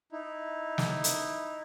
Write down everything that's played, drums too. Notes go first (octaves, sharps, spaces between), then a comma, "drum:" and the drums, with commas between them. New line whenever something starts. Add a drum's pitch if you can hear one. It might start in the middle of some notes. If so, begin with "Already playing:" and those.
D#4 E4
drum: snare
drum: hi-hat